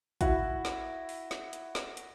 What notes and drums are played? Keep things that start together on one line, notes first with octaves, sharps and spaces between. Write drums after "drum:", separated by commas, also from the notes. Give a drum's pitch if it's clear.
E4 F#4, drum: kick, hi-hat
drum: snare
drum: open hi-hat
drum: snare
drum: hi-hat
drum: snare
drum: hi-hat